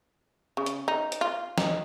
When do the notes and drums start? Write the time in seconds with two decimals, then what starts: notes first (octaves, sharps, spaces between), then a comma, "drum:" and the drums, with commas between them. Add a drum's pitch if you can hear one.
0.57 C#3
0.66 drum: hi-hat
0.88 D#4
1.12 drum: hi-hat
1.21 F4
1.58 D#4, drum: snare